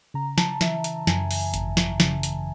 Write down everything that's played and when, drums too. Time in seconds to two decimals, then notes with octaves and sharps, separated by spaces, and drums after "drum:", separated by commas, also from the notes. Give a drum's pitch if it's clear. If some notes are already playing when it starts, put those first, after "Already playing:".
0.14 C#3 A#5
0.38 A5, drum: snare
0.61 E3 E5, drum: snare
0.84 drum: hi-hat
1.07 F#2 G#5, drum: snare
1.31 drum: open hi-hat
1.54 G#1, drum: hi-hat
1.77 drum: snare
2.00 C#3, drum: snare
2.23 drum: hi-hat